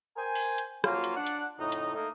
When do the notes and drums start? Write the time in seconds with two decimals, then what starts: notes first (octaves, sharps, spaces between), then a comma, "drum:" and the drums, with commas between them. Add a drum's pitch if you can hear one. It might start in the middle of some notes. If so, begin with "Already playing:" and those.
0.17 A#4 C5 G5 G#5
0.35 drum: open hi-hat
0.58 drum: hi-hat
0.84 F3 F#3 A#3 C#4 F4, drum: rim click
1.04 drum: hi-hat
1.17 D4 F#5
1.27 drum: hi-hat
1.59 F2 A2 C#3 D#4
1.72 drum: hi-hat
1.95 A3 A#3 D#4